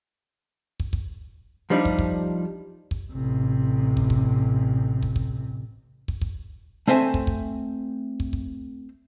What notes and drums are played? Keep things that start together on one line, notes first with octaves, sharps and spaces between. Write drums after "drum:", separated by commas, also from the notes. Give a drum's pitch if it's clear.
drum: kick
drum: kick
F3 G3 D4 D#4
drum: kick
drum: kick
drum: kick
A1 C3
drum: kick
drum: kick
drum: kick
drum: kick
drum: kick
drum: kick
A3 C4 C5 E5 G#5
drum: kick
drum: kick
drum: kick
drum: kick